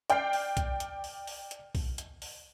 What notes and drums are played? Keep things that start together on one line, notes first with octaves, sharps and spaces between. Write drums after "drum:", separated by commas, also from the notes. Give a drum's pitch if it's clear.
D5 G5 F6 G6 C7, drum: hi-hat
drum: open hi-hat
drum: kick, hi-hat
drum: hi-hat
drum: open hi-hat
drum: open hi-hat
drum: hi-hat
drum: kick, open hi-hat
drum: hi-hat
drum: open hi-hat